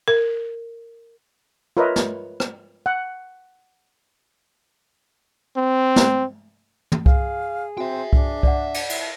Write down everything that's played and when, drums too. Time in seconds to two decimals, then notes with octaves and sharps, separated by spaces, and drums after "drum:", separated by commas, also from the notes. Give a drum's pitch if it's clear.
0.08 A#4
1.77 F4 A#4 B4 C#5 D#5 E5
1.96 drum: snare
2.40 drum: rim click
2.86 F#5
5.57 C4
5.96 drum: snare
6.92 drum: tom
7.06 G#4 F5, drum: kick C2
7.78 C4 F#4 E5 G5
8.13 D4, drum: kick C2
8.43 D5 F#5, drum: kick C2
8.74 drum: cymbal
8.90 E4, drum: cymbal